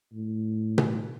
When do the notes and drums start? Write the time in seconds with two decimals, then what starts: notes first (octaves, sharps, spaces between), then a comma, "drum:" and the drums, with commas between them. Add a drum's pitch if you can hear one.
0.13 A2
0.78 drum: tom B2